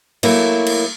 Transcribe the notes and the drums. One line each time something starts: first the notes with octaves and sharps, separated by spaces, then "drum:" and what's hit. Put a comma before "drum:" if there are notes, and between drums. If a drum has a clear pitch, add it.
F#3 A3 A#3 E4, drum: cymbal
drum: cymbal